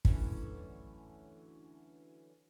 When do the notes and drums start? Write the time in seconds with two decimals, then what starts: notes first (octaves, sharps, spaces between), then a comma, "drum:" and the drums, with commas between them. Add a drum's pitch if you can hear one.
0.05 D3 E3 F#3 A3 C#4, drum: kick